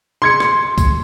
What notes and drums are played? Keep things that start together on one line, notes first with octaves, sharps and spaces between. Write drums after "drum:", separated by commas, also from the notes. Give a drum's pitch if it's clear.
C6 G#6 C#7
drum: rim click
drum: kick C2, tambourine